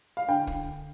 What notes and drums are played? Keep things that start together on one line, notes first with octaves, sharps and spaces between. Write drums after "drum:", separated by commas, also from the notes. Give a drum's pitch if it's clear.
F5
D3 G5
drum: kick